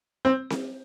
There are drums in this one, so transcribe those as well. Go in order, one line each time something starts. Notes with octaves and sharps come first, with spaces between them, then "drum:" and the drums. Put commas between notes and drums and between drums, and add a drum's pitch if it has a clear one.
C4
drum: snare C4